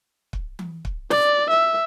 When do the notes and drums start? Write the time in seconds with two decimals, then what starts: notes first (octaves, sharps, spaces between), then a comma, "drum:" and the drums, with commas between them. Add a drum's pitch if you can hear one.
0.33 drum: kick
0.59 drum: tom E3
0.85 drum: kick
1.11 D5, drum: snare
1.51 E5